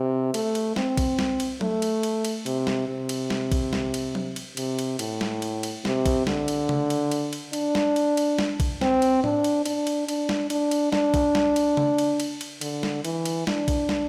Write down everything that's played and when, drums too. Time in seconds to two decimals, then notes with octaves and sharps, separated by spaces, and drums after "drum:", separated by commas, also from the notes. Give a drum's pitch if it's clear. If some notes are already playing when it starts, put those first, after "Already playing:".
Already playing: C3
0.34 A3, drum: cymbal
0.55 drum: cymbal
0.76 C4, drum: snare
0.97 drum: kick A#1, cymbal
1.19 drum: snare
1.40 drum: cymbal
1.61 A3, drum: tom F#3
1.82 drum: cymbal
2.03 drum: cymbal
2.25 drum: cymbal
2.46 C3, drum: cymbal
2.67 drum: snare
2.89 C3
3.09 drum: cymbal
3.30 drum: snare
3.52 drum: kick A#1, cymbal
3.73 drum: snare
3.94 drum: cymbal
4.15 drum: tom F#3
4.36 drum: cymbal
4.57 C3, drum: cymbal
4.79 drum: cymbal
4.99 A2, drum: cymbal
5.21 drum: snare
5.42 drum: cymbal
5.63 drum: cymbal
5.85 C3, drum: snare
6.06 drum: kick A#1, cymbal
6.27 D3, drum: snare
6.48 drum: cymbal
6.69 drum: tom C#3
6.90 drum: cymbal
7.11 drum: cymbal
7.33 drum: cymbal
7.53 D4, drum: cymbal
7.75 drum: snare
7.96 drum: cymbal
8.17 drum: cymbal
8.39 drum: snare
8.60 drum: kick A#1, cymbal
8.81 C4, drum: snare
9.02 drum: cymbal
9.24 D4, drum: tom A2
9.44 drum: cymbal
9.66 D4, drum: cymbal
9.87 drum: cymbal
10.08 D4, drum: cymbal
10.29 drum: snare
10.50 D4, drum: cymbal
10.71 drum: cymbal
10.92 D4, drum: snare
11.14 drum: kick A#1, cymbal
11.35 drum: snare
11.56 drum: cymbal
11.77 drum: tom C#3
11.98 drum: cymbal
12.20 drum: cymbal
12.41 drum: cymbal
12.61 D3, drum: cymbal
12.83 drum: snare
13.05 E3, drum: cymbal
13.25 drum: cymbal
13.47 D4, drum: snare
13.68 drum: kick A#1, cymbal
13.89 drum: snare